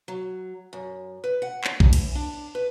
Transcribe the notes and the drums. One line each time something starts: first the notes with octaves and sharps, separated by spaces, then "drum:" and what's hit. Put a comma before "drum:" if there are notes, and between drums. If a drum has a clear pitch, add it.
F#3
F#2
B4
F#5
drum: clap
D#2, drum: kick B1
E3, drum: cymbal
D4
B4